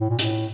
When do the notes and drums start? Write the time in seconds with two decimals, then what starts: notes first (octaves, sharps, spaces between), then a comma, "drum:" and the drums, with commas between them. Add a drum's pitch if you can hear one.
0.01 A2
0.10 A#2
0.19 A2, drum: hi-hat